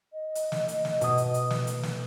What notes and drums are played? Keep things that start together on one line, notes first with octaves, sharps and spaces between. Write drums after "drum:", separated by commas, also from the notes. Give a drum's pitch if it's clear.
D#5
drum: hi-hat
drum: snare
drum: hi-hat
drum: snare
B2 D#6, drum: hi-hat
drum: hi-hat
drum: hi-hat
drum: snare
drum: hi-hat
drum: snare